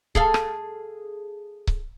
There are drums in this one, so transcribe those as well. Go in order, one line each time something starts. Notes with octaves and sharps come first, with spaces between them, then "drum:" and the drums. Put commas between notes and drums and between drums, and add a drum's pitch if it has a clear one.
G#4 A4 F5, drum: kick C#1
drum: rim click
drum: kick C#1